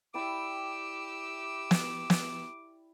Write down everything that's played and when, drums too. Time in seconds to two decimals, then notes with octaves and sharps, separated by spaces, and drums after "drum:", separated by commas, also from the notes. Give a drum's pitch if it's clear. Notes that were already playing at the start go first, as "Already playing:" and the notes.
0.14 E4 G4 D5 G5 D6 E6
1.71 drum: snare
2.10 drum: snare